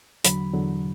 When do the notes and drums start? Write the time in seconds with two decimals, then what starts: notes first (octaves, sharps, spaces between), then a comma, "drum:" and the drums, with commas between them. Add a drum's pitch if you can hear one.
0.24 E2 D3 F#3 B5, drum: hi-hat
0.53 E2 D3 F#3